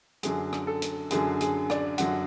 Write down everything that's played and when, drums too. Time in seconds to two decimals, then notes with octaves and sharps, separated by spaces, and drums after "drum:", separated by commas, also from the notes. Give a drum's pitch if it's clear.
0.23 F#2 D3 F#3 G#4, drum: hi-hat
0.53 drum: rim click
0.67 A4
0.82 drum: hi-hat
1.11 F#2 D3 F#3 G#4, drum: hi-hat
1.41 G#4, drum: hi-hat
1.70 D5, drum: rim click
1.98 F#2 D3 F#3 F#5, drum: hi-hat